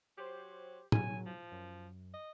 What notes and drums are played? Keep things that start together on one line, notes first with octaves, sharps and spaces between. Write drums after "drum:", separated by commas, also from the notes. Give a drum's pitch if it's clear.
F#3 G4 C5
F#3 G#5, drum: tom
F3
F#2
D#5